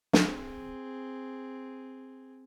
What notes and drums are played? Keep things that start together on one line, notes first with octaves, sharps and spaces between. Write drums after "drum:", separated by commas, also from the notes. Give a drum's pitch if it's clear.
C4 G#4, drum: snare